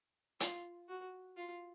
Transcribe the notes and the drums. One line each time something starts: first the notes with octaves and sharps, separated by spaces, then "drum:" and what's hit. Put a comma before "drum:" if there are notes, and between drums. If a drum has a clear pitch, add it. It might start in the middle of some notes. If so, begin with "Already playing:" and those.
F4, drum: hi-hat
F#4
F4